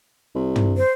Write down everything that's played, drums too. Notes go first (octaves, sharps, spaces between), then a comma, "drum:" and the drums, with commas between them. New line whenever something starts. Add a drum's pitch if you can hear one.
C2
drum: tom
C5